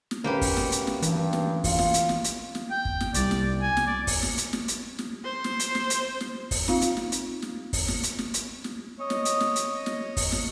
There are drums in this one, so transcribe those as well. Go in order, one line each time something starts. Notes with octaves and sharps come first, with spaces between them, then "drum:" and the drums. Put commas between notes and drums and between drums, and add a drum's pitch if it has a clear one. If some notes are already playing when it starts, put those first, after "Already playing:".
drum: snare
D2 A#2 A#3 C#4 G4 B4
drum: kick, open hi-hat
drum: snare
drum: hi-hat
drum: snare
G2 E3, drum: hi-hat
drum: snare
F4, drum: kick, open hi-hat
drum: snare
drum: hi-hat
drum: snare
drum: hi-hat
drum: snare
G5
drum: kick
drum: snare
C2 D5, drum: hi-hat
drum: snare
G#5
drum: snare
D5
drum: kick, open hi-hat
drum: snare
drum: hi-hat
drum: snare
drum: hi-hat
drum: snare
C5 C6
drum: snare
drum: hi-hat
drum: snare
drum: hi-hat
drum: snare
drum: kick, open hi-hat
C4 D#4 F4 F5, drum: snare
drum: hi-hat
drum: snare
drum: hi-hat
drum: snare
drum: kick, open hi-hat
drum: snare
drum: hi-hat
drum: snare
drum: hi-hat
drum: snare
C#5 D#5
drum: snare
drum: hi-hat
drum: snare
drum: hi-hat
drum: snare
drum: kick, open hi-hat
drum: snare